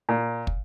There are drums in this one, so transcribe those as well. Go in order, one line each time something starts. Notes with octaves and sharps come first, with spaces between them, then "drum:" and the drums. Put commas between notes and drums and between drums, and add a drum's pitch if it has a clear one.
A#2
drum: kick